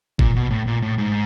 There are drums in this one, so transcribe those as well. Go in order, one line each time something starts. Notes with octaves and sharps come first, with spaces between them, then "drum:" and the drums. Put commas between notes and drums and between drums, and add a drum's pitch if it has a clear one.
A#2, drum: kick G1
B2
A2
A#2
A2
G#2